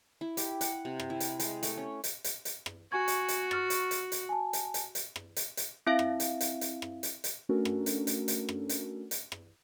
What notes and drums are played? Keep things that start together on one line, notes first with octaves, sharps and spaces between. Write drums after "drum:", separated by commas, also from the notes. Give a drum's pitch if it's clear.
E4
G4, drum: hi-hat
F#5, drum: hi-hat
C3
drum: rim click
E4
drum: hi-hat
G#3, drum: hi-hat
A3, drum: hi-hat
C#4
drum: hi-hat
drum: hi-hat
drum: hi-hat
drum: rim click
F#4 G#5 C#6 G#6
drum: hi-hat
drum: hi-hat
C#6 F6 A6, drum: rim click
drum: hi-hat
drum: hi-hat
drum: hi-hat
G#5 A5
drum: hi-hat
drum: hi-hat
drum: hi-hat
drum: rim click
drum: hi-hat
drum: hi-hat
C4 E4 E5 F5
drum: rim click
drum: hi-hat
drum: hi-hat
drum: hi-hat
drum: rim click
drum: hi-hat
drum: hi-hat
A3 C#4 D4 F#4 A4 A#4
drum: rim click
drum: hi-hat
drum: hi-hat
drum: hi-hat
drum: rim click
drum: hi-hat
drum: hi-hat
drum: rim click